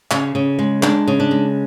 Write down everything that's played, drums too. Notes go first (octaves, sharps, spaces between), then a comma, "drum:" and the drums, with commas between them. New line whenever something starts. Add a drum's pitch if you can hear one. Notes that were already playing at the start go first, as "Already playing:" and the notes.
C#3, drum: clap
C#3
G#3
G#3 D4, drum: clap
C#3
D4
G#3